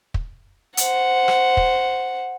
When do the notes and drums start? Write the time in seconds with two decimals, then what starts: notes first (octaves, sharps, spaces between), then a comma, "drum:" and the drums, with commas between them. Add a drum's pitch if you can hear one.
0.14 drum: kick
0.77 C5 F#5, drum: hi-hat
1.28 drum: rim click
1.57 drum: kick